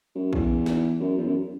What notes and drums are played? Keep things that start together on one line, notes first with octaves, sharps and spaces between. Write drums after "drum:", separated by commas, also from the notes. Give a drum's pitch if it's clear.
F#2
E2, drum: kick A#1
drum: snare
F#2
E2
F#2